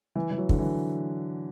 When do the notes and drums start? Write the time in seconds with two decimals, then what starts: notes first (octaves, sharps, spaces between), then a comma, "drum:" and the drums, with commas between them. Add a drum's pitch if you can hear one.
0.15 E3
0.31 E3
0.37 F#3
0.49 D3, drum: kick
0.59 E3